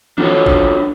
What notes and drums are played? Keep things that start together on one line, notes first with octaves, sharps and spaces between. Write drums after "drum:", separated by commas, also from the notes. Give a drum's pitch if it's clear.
D4 F4 F#4 G#4 A4 C#5, drum: tom D#3
drum: kick A1